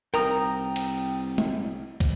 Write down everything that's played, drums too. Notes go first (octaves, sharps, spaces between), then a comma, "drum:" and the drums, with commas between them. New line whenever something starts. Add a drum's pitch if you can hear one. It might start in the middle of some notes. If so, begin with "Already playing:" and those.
C2 A#4 G5 A#5 D#6, drum: cymbal
drum: cymbal
drum: tom
drum: kick, cymbal